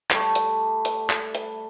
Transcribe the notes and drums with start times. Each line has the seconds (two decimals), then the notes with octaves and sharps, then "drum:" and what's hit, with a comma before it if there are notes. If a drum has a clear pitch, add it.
0.11 G3 A3, drum: clap
0.35 drum: hi-hat
0.85 drum: hi-hat
1.10 drum: clap
1.35 drum: hi-hat